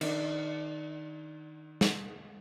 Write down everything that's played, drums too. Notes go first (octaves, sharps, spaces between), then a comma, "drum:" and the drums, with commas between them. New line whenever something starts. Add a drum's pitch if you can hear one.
D#3 D4, drum: cymbal
drum: snare